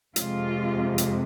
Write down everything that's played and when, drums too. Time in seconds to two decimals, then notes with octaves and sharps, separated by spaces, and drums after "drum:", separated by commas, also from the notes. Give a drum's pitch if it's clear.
0.16 F2 C3 G#3 F4, drum: hi-hat
0.98 drum: hi-hat